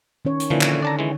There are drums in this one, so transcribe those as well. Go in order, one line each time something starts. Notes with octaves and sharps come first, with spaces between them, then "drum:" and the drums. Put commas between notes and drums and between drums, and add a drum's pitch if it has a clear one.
D#3 C#4 C#5
drum: hi-hat
A#2 D3 E3 F3 D#4
drum: clap
D5 A5 A#5
E3 G#3